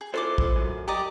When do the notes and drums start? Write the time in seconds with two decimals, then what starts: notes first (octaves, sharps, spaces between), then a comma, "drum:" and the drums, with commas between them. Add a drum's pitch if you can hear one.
0.01 G#4
0.14 E4 F4 A4 C5 C6 D6
0.38 drum: kick
0.56 F#2
0.88 G4 D5 D#5 A#5